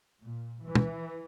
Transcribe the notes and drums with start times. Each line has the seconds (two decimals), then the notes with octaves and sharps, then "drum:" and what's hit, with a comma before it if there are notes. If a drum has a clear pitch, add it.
0.20 A#2
0.62 E3
0.75 drum: tom